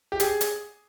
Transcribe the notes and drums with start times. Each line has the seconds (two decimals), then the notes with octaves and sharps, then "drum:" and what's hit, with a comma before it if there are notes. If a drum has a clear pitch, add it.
0.12 G4
0.20 G#4, drum: hi-hat
0.41 drum: hi-hat